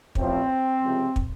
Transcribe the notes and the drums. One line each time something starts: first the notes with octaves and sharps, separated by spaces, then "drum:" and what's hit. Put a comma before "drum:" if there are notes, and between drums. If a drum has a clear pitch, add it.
A1 A2 F3 C4, drum: kick
C#2 C3 F3
drum: kick